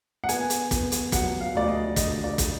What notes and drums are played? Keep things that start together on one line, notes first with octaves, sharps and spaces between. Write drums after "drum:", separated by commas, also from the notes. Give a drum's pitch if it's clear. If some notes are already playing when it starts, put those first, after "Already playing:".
F#5
B3 G#5, drum: hi-hat
drum: hi-hat
B3, drum: kick, hi-hat
drum: hi-hat
F#3 F#5, drum: kick, hi-hat
F5
D2 D5
D#5
D3 D#5, drum: kick, hi-hat
D5
drum: kick, hi-hat